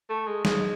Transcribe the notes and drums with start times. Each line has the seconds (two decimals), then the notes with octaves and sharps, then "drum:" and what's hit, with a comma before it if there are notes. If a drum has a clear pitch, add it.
0.10 A3
0.27 G#3
0.45 G#3, drum: snare